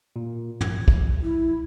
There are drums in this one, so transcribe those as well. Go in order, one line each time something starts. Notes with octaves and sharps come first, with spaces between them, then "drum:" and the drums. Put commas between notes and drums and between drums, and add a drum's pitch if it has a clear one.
A#2
A#1 G#6, drum: tom
drum: kick
E4